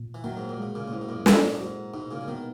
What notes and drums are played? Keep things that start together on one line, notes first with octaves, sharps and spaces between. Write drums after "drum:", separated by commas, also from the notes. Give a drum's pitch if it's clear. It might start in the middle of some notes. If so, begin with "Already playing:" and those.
Already playing: A#2
E3
D#3 F#3 A#3
G#2
A#2
B2 G#3
A#2 C#3
A#2
G#2 E4
B2
F#2 A#2
G#2 A#4, drum: snare
F#2
G#2 F#4
G#2 B2 D#4
A#2 C#3
C#3
B2 D#3 B3